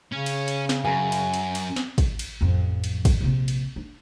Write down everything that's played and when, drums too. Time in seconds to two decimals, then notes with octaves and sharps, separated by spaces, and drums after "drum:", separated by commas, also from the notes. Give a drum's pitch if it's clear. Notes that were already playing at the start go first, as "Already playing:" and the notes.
0.12 C#3 C#4
0.26 drum: cymbal
0.48 drum: cymbal
0.69 drum: snare
0.85 F#2 G#5 A#5
1.12 drum: cymbal
1.34 drum: cymbal
1.55 drum: cymbal
1.76 drum: snare
1.98 drum: kick, cymbal
2.19 drum: cymbal
2.41 A1 F2
2.84 drum: cymbal
3.05 drum: kick, cymbal
3.21 A#1 C3
3.48 drum: cymbal
3.76 D4